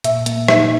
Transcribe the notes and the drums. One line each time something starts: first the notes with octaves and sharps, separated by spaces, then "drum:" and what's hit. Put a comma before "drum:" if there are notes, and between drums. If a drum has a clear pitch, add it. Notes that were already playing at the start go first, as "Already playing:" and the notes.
A#2 E5, drum: hi-hat
A#3, drum: hi-hat
D#4 E5, drum: rim click